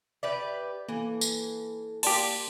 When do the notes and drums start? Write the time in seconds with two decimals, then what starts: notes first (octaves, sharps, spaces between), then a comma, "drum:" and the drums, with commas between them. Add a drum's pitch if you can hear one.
0.23 G4 B4 D5 E5
0.89 E3 A#3 A4
1.21 drum: tambourine
2.03 A#3 G4 D5 A5 C6, drum: cymbal